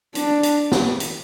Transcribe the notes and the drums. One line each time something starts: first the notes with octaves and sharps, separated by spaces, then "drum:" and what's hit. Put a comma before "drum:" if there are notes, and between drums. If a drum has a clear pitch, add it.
D4, drum: hi-hat
drum: hi-hat
drum: snare
drum: hi-hat